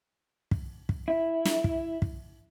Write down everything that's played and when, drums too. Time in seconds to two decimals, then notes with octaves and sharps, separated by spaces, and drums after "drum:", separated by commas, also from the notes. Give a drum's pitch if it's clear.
0.51 drum: kick
0.89 drum: kick
1.08 E4
1.45 drum: snare
1.64 drum: kick
2.02 drum: kick